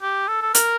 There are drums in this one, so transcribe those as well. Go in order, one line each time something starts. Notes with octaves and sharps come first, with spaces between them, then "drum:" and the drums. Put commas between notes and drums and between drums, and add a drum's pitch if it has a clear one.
G4
A4
A4
A#4, drum: hi-hat